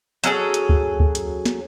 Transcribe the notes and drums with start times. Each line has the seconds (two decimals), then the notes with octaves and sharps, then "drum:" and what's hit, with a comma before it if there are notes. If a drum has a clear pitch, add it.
0.24 F#3 C#4 G#4 A4, drum: hi-hat
0.54 drum: hi-hat
0.69 drum: kick D2
1.00 drum: kick D2
1.15 drum: hi-hat
1.46 drum: snare